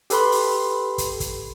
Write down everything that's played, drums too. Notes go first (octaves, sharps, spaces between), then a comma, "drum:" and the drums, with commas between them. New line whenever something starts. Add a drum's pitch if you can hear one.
G4 A4 B4 B5 C6, drum: hi-hat
drum: open hi-hat
drum: kick, hi-hat
drum: kick, hi-hat